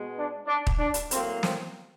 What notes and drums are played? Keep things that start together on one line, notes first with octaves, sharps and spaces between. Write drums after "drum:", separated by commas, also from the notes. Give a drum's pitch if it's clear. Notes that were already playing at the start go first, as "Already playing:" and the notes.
Already playing: B2 G#3 B3
D4
D4
drum: kick
D4
drum: hi-hat
A2 F#3 A#3 C4, drum: hi-hat
C4, drum: snare